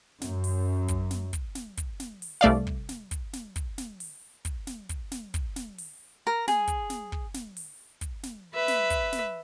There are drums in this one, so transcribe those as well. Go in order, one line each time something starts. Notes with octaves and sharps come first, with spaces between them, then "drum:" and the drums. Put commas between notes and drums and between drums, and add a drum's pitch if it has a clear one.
F#2, drum: snare
drum: open hi-hat
drum: kick, hi-hat
drum: snare
drum: kick, hi-hat
drum: snare
drum: kick, hi-hat
drum: snare
drum: open hi-hat
C2 A3 D5 F5
drum: kick
drum: snare
drum: kick, hi-hat
drum: snare
drum: kick, hi-hat
drum: snare
drum: open hi-hat
drum: kick, hi-hat
drum: snare
drum: kick, hi-hat
drum: snare
drum: kick, hi-hat
drum: snare
drum: open hi-hat
A#4
G#4, drum: snare
drum: kick, hi-hat
drum: snare
drum: kick
drum: snare
drum: open hi-hat
drum: kick, hi-hat
drum: snare
B4 E5
drum: snare
drum: kick, hi-hat
drum: snare